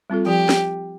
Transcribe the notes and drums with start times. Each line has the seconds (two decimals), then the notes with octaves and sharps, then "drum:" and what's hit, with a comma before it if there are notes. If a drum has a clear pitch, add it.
0.10 G3 C4 F4 A4
0.26 F3 G4
0.49 drum: snare